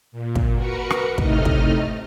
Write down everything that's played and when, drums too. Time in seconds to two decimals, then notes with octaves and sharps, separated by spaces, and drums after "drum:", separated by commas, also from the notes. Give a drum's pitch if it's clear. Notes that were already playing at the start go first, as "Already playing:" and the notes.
0.12 A#2
0.36 drum: kick
0.54 F#4 A#4 B4 C#7
0.90 drum: rim click
1.18 A2 C3 A3 D#4 D#5 F6, drum: kick
1.45 drum: kick